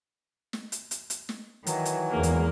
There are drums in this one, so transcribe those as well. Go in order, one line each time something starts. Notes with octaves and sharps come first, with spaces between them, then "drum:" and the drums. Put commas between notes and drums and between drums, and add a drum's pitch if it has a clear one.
drum: snare
drum: hi-hat
drum: hi-hat
drum: hi-hat
drum: snare
D#3 E3 F#3, drum: hi-hat
drum: hi-hat
E2 G#3 A#3
drum: hi-hat